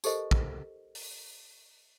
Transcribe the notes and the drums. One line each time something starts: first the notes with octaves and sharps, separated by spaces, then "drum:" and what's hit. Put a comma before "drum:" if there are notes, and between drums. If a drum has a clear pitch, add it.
D#4 G4 A4 A#4 C5 D#5, drum: tambourine
drum: kick
drum: open hi-hat